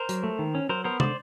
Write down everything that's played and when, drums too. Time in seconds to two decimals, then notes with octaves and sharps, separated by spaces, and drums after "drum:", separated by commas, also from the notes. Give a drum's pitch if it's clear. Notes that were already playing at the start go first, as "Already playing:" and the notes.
Already playing: A#4 C5
0.09 F#3, drum: hi-hat
0.23 A3
0.39 D#3
0.55 C#4
0.69 F#3 A#4 C5
0.84 B3 A#4 C5
1.00 D3 C5 D5, drum: tom